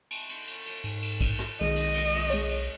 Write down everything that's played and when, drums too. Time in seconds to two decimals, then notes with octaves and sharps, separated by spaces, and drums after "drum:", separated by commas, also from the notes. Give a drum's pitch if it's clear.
0.11 drum: cymbal
0.29 drum: cymbal
0.47 drum: cymbal
0.66 drum: cymbal
0.84 G#2, drum: cymbal
1.02 drum: cymbal
1.21 drum: kick, cymbal
1.39 drum: rim click
1.61 B1 D#3 G#3 D#5
1.76 drum: cymbal
1.94 drum: cymbal
2.12 drum: cymbal
2.30 G#3 C#5, drum: cymbal
2.49 drum: cymbal